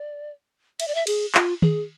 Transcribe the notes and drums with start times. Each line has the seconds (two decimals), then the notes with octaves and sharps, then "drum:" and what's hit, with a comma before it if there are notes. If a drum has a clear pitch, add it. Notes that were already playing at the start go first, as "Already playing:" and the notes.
Already playing: D5
0.80 E5, drum: cymbal
0.88 D5
0.95 E5
1.07 G#4, drum: cymbal
1.35 F4, drum: clap
1.62 G#4, drum: tom D#3